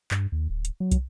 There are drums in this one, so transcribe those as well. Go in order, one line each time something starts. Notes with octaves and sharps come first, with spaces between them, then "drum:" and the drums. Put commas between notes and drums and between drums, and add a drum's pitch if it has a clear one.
G2, drum: clap
D#2
D1
drum: hi-hat
F#3
drum: kick, hi-hat